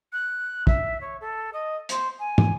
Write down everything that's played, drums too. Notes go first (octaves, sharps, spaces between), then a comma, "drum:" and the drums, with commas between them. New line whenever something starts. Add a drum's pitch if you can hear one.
F#6
E5, drum: kick
C#5
A4
D#5
C5, drum: hi-hat
G#5
drum: tom